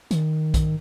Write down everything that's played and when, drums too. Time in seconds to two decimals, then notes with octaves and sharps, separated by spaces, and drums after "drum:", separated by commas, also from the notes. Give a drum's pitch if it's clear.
0.11 D#3, drum: hi-hat
0.54 drum: kick B1, hi-hat